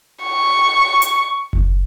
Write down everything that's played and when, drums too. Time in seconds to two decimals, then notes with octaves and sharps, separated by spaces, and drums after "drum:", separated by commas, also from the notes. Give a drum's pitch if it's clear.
0.24 C#6
1.02 drum: hi-hat
1.53 drum: kick F#1